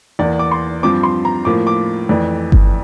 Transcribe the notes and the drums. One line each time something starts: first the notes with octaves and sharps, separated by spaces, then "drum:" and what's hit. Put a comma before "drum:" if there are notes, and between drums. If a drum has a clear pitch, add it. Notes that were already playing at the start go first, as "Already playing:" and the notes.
E2 E3 A#3 D5
D6
C6
G2 F3 C4 D6
C6
A#5
A2 F3 A#3 D6
D6
F2 E3 A3 D5
drum: kick G1